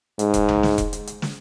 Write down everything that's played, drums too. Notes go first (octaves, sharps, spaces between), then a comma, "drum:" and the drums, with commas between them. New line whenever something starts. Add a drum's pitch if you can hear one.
G#2, drum: hi-hat
drum: kick E1, hi-hat
drum: tom B1
drum: snare
drum: kick E1, hi-hat
drum: hi-hat
drum: hi-hat
drum: snare